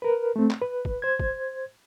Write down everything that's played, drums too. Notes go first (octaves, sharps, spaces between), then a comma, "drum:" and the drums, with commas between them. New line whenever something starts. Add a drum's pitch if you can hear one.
A#4 B4
A3 C4
drum: clap
B4
drum: kick
C5 G#6
drum: kick